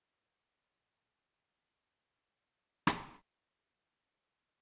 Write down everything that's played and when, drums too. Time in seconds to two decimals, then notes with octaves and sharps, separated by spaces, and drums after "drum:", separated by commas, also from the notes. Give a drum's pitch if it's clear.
0.07 A#2 A3 D#4 A#4
1.94 G3 C4 G4
2.87 drum: rim click
3.78 A2 A3 C4 D#4 G4